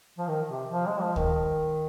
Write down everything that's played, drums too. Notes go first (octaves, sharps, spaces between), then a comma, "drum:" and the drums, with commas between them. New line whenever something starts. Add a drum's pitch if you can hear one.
F3
D#3
C3
F3
G#3
F3
D#3, drum: kick